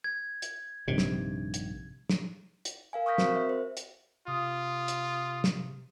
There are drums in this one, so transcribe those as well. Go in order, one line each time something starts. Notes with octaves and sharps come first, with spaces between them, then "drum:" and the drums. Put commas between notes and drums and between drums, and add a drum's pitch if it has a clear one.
G#6
drum: hi-hat
A#1 G2 C3 D#3
drum: snare
drum: hi-hat
drum: snare
drum: hi-hat
A#4 F5 G#5
C#6 D#6 F6 G6 A#6 B6
C4 F#4 A#4 C5, drum: snare
E5
C5
drum: hi-hat
C3 F4 D#6
drum: hi-hat
drum: snare